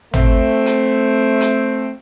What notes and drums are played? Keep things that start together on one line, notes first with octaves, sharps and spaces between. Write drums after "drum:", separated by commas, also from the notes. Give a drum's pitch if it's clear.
A3 C4, drum: tom G#1
drum: hi-hat
drum: hi-hat